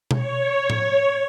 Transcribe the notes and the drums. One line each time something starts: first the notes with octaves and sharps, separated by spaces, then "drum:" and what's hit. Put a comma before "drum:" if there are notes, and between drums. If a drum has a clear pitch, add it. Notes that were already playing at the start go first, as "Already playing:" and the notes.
C#5, drum: tom B2
drum: tom A2